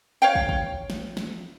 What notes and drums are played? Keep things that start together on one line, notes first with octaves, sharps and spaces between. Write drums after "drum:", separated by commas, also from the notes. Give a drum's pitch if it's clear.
C#5 F5 G5
drum: kick
drum: kick
drum: snare
drum: snare